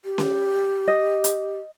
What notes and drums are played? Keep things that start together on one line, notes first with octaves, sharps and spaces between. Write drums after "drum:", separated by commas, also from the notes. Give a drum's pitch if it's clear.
G4
drum: snare C#4
D#5
drum: hi-hat